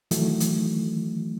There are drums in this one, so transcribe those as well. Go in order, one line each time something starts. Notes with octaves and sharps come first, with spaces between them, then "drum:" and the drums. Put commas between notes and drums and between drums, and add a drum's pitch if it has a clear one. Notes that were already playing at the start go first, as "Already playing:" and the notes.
D#3 E3 F#3 A3, drum: hi-hat
drum: hi-hat